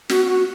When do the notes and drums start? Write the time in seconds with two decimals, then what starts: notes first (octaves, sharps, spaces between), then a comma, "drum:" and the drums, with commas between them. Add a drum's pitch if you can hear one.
0.09 F#4, drum: snare
0.25 F#4